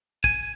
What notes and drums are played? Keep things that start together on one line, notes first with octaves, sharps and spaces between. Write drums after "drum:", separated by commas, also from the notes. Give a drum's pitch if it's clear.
G#5, drum: kick